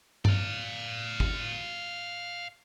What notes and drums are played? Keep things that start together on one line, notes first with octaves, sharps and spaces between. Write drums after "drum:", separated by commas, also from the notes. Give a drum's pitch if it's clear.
D5 F5, drum: tom G2
drum: kick